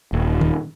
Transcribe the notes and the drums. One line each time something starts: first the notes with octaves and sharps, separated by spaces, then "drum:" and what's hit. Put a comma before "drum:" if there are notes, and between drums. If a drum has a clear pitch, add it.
D#1
drum: tom